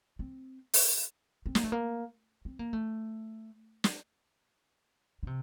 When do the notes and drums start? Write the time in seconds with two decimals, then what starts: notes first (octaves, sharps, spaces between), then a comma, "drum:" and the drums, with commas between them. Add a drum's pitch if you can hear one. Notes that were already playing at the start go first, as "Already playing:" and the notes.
0.19 C4
0.74 drum: open hi-hat
1.46 C4
1.55 A#3, drum: snare
1.64 A3
1.72 A#3
2.45 C4
2.59 A#3
2.73 A3
3.84 drum: snare
5.23 D3
5.27 C3